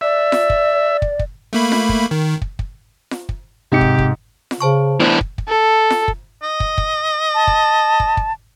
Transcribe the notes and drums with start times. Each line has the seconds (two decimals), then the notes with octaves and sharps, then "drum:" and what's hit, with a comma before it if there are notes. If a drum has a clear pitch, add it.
0.01 D5 E5
0.32 drum: snare F4
0.50 drum: kick
1.02 drum: kick
1.19 drum: kick
1.53 A3 A#3 B5
1.72 drum: snare F4
1.89 drum: kick
2.11 D#3
2.42 drum: kick
2.59 drum: kick
3.11 drum: snare F4
3.29 drum: kick
3.72 G#2 C3 G4 C#7
3.81 drum: kick
3.99 drum: kick
4.51 drum: snare F4
4.61 C#3 C5 A5 C#6
5.00 E3 A3 B3 D4 C5
5.21 drum: kick
5.38 drum: kick
5.48 A4
5.90 drum: snare F4
6.08 drum: kick
6.43 D#5
6.60 drum: kick
6.78 drum: kick
7.35 A5
7.47 drum: kick
8.00 drum: kick
8.17 drum: kick